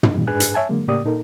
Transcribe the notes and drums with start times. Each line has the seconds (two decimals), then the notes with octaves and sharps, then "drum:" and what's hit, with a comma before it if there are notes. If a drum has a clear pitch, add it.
0.03 drum: tom
0.14 G2 A#2 D#3 E3 G3
0.27 G#2 D4 G#4 B4 G#5 F#6
0.40 drum: hi-hat
0.54 C#5 E5 G#5 A5
0.69 D3 F#3 G#3 A#3
0.88 A2 C#3 A#3 G4 D5 D#6
1.04 A#2 A#3 D#4 A4 A#4